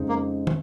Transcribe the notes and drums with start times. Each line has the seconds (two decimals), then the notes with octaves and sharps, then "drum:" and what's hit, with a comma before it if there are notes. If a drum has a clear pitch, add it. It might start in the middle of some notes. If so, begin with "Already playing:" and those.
Already playing: F2 C#3 G#3 C4 D#4
0.09 A#3
0.47 drum: tom